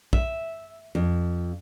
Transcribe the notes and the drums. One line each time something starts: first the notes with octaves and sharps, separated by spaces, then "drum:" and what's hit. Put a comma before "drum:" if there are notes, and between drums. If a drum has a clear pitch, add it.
E5, drum: kick
F2